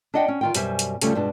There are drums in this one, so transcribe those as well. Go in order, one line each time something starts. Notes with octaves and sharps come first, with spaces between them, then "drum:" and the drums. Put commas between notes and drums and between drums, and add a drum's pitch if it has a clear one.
D4 D5 D#5 F#5 G5
C#4
D#3 F4 G5
F#2 B2 G3 C5 E5 G#5, drum: hi-hat
drum: hi-hat
D2 C#3 F3 G3 A3 C#4, drum: hi-hat
G2 B2 G#3 D4